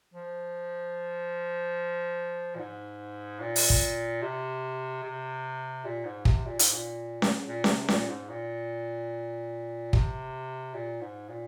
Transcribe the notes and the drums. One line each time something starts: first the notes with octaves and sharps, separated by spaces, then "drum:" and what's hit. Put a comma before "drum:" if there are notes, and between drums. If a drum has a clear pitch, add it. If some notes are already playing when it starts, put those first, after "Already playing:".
F3
A#2
G#2
A#2
drum: open hi-hat
drum: kick
C3
C3
A#2
G#2
C3, drum: kick
A#2
G#2, drum: hi-hat
A#2
drum: snare C#4
A#2
C#3, drum: snare C#4
C3
A#2, drum: snare C#4
G#2
A#2
C3, drum: kick
A#2
G#2
A#2